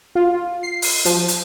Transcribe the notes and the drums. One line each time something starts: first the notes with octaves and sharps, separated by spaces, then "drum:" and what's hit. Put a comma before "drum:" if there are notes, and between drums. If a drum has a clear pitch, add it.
F4
C7
drum: open hi-hat
F3, drum: hi-hat
drum: hi-hat